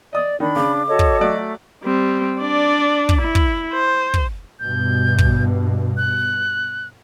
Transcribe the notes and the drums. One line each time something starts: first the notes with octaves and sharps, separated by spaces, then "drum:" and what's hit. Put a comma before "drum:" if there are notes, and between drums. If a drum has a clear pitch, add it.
D5 D#5 D#6
D#3 D4 B5
C#3 D6
F#4 A4 C#5 D#5
drum: kick
F#3 A3 D5
G3 C4
D4 D5
drum: kick
E4
drum: kick
C5
drum: kick
G2 B2 G6
drum: kick
F#6